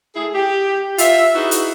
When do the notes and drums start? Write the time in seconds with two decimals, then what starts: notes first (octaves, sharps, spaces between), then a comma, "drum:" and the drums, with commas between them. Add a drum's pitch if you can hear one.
0.16 A3 E4 G#4
0.35 G4
0.98 F4 E5, drum: hi-hat
1.35 D#4 E4 F#4 G#4 B4
1.51 drum: hi-hat